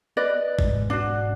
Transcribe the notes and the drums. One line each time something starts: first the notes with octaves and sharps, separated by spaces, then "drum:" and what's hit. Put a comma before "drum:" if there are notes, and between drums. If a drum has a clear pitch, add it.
B4 D5 D#5
E1 G#2, drum: kick G#1
D4 F#4